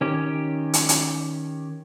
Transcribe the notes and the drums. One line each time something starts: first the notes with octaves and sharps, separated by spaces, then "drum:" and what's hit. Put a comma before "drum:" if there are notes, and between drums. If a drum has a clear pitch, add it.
D#3 C#4 G4
drum: hi-hat
drum: hi-hat